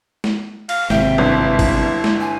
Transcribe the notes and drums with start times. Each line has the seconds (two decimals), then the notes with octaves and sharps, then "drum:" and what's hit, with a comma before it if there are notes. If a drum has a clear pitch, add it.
0.24 drum: snare
0.69 F5, drum: cymbal
0.90 G#1 C3 E5 G5, drum: snare
1.18 G1 E4
1.59 drum: kick, cymbal
2.04 drum: snare
2.20 G#5